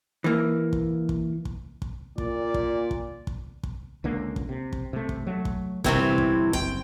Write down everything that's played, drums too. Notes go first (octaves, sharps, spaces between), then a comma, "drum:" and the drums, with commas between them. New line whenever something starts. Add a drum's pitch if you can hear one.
E3 A#3
drum: kick
drum: kick
drum: kick
drum: kick
A#2 D5, drum: kick
drum: kick
drum: kick
drum: kick
drum: kick
C#2 D3 A#3
drum: kick
C3
drum: kick
C3 A3
drum: kick
F#3 A3
drum: kick
G1 G2 C3 E3 C4 C#5, drum: kick
drum: kick
F#1 G5, drum: kick